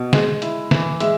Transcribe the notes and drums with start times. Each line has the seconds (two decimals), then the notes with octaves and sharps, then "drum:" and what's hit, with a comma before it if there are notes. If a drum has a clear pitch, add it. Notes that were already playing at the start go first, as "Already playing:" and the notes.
Already playing: B2
0.13 G#3, drum: snare
0.42 E4, drum: hi-hat
0.71 E3, drum: snare
1.00 G#3 E5, drum: hi-hat